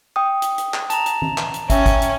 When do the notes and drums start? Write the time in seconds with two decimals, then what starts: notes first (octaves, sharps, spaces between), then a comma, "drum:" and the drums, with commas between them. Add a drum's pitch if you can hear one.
0.16 G5 D#6
0.42 drum: hi-hat
0.58 drum: hi-hat
0.74 drum: clap
0.90 A5 A#5, drum: hi-hat
1.06 drum: hi-hat
1.22 drum: tom D#3
1.38 drum: clap
1.54 drum: hi-hat
1.70 C#4 E5 G5, drum: kick, hi-hat
1.86 drum: kick, hi-hat
2.02 drum: hi-hat